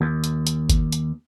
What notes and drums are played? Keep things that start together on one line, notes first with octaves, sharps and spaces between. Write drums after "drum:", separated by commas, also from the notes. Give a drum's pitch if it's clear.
D#2
drum: hi-hat
drum: hi-hat
drum: kick G1, hi-hat
drum: hi-hat